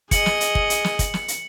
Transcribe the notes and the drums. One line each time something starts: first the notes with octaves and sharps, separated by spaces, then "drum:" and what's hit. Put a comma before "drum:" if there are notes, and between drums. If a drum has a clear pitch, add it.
G#4 D#5 C#7 F#7, drum: kick, hi-hat
drum: snare
drum: hi-hat
drum: kick
drum: hi-hat
drum: snare
drum: kick, hi-hat
drum: snare
drum: hi-hat